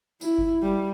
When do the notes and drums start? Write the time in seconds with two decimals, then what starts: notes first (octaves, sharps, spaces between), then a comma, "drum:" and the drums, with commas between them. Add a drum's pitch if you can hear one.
0.21 E4, drum: tambourine
0.38 drum: kick G1
0.62 G3